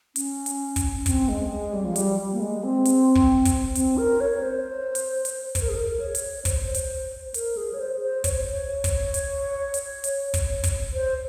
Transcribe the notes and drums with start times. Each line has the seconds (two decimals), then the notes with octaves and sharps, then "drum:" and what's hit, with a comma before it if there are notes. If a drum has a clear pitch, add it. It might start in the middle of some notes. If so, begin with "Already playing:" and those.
0.16 C#4, drum: hi-hat
0.46 drum: hi-hat
0.76 drum: kick, hi-hat
1.06 C4, drum: kick, hi-hat
1.29 G#3
1.51 G#3
1.73 G3
1.85 F3
1.96 G3, drum: hi-hat
2.33 A#3
2.41 G#3
2.64 C4
2.85 drum: hi-hat
3.15 drum: kick
3.45 drum: kick, hi-hat
3.75 C4, drum: hi-hat
3.98 A#4
4.21 C#5
4.43 C5
4.95 drum: hi-hat
5.25 drum: hi-hat
5.55 C5, drum: kick, hi-hat
5.61 A#4
5.69 G#4
5.76 A#4
6.00 C#5
6.15 drum: hi-hat
6.45 C5, drum: kick, hi-hat
6.74 drum: hi-hat
7.34 A#4, drum: hi-hat
7.57 G#4
7.74 C#5
7.80 C5
8.02 C5
8.24 C#5, drum: kick, hi-hat
8.48 C#5
8.84 drum: kick, hi-hat
9.14 drum: hi-hat
9.74 drum: hi-hat
10.04 drum: hi-hat
10.34 drum: kick, hi-hat
10.64 drum: kick, hi-hat
10.93 C5